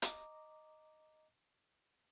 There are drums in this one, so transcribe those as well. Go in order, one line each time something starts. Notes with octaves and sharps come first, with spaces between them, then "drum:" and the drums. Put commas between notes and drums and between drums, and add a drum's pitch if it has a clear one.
D#5 A#5 D6, drum: hi-hat